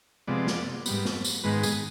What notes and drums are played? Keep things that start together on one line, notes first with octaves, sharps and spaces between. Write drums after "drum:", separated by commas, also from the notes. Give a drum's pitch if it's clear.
C3 F3 G#3 B3 D5
drum: snare
G#2 G3 B3, drum: tambourine
drum: snare
drum: tambourine
G#2 D#3 G#3 B3 B4
G#4, drum: tambourine